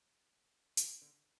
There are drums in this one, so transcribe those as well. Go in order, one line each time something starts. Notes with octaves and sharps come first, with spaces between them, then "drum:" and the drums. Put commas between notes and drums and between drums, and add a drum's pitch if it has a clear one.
D#3, drum: hi-hat
D3